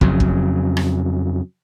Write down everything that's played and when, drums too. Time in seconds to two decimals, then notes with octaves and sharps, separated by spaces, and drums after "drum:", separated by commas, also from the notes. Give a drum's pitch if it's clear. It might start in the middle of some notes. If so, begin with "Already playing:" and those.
0.01 F2 C#3 F#3, drum: kick
0.20 drum: kick
0.77 drum: rim click